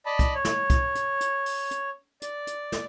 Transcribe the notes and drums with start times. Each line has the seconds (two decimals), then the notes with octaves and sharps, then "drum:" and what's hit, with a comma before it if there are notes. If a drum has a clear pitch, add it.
0.06 D5 D#5 A5 B5
0.19 drum: kick, hi-hat
0.35 C#5
0.45 drum: snare
0.70 drum: kick, hi-hat
0.95 drum: hi-hat
1.20 drum: hi-hat
1.46 drum: open hi-hat
1.71 drum: hi-hat
2.22 D5, drum: hi-hat
2.47 drum: hi-hat
2.72 drum: snare